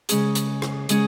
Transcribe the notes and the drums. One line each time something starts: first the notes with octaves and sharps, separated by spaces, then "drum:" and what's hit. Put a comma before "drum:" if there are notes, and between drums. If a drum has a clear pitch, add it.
C#3 G#3 C#4 G#4, drum: hi-hat
drum: hi-hat
drum: rim click
C#3 G#3 C#4 G#4, drum: hi-hat